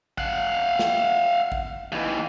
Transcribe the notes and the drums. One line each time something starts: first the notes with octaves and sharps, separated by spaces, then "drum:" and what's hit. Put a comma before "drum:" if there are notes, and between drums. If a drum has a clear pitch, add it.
F5 F#5, drum: kick A1
drum: snare
drum: kick A1
D#2 E3